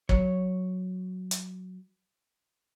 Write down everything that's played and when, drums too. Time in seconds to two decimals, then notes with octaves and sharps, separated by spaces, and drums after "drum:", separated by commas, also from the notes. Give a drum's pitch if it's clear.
0.09 F#3 C#5, drum: kick
1.31 drum: hi-hat